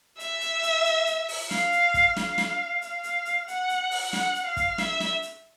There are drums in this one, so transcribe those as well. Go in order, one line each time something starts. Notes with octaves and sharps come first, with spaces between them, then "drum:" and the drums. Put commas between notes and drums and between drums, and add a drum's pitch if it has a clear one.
E5, drum: hi-hat
drum: hi-hat
drum: hi-hat
drum: hi-hat
drum: hi-hat
drum: open hi-hat
F5, drum: snare
drum: hi-hat
drum: kick, hi-hat
F5, drum: snare
drum: snare
F5, drum: hi-hat
drum: hi-hat
drum: hi-hat
F#5, drum: hi-hat
drum: hi-hat
drum: open hi-hat
F#5, drum: snare
drum: hi-hat
F5
drum: kick, hi-hat
E5, drum: snare
drum: snare
drum: hi-hat